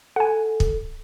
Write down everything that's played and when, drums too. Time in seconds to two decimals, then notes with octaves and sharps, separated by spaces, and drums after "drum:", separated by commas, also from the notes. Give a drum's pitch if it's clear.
0.16 A4 F#5 G#5
0.60 drum: kick